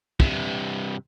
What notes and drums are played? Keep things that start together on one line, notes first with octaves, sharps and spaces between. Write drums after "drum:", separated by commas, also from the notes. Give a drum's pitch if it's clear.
G2 C3, drum: kick